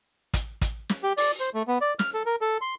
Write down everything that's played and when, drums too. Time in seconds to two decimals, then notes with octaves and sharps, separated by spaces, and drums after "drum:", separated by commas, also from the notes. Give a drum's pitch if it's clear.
0.34 drum: kick, hi-hat
0.61 drum: kick, hi-hat
0.89 drum: snare
1.03 G4
1.17 D5, drum: open hi-hat
1.40 C5
1.54 A3
1.68 B3
1.81 D5
1.99 F6, drum: snare
2.14 A4
2.26 A#4
2.41 A4
2.61 C6